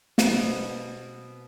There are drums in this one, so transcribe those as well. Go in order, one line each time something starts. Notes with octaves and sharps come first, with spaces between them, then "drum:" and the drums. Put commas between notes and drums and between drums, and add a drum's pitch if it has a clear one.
B2 B3 C4, drum: snare